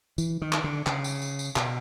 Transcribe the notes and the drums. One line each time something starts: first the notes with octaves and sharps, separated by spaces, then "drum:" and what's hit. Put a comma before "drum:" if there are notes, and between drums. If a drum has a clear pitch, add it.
E3, drum: tambourine
D#3
drum: clap
D3
C#3, drum: clap
drum: tambourine
drum: tambourine
drum: tambourine
B2, drum: clap